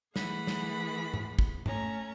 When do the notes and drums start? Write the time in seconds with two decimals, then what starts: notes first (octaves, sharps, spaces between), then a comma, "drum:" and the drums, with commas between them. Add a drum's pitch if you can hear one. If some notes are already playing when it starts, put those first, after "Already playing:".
0.16 E3 A3 G#4 F#5 B5, drum: snare
0.47 drum: snare
1.14 drum: tom G#2
1.39 drum: kick
1.66 A3 C#4 A#5, drum: tom G#2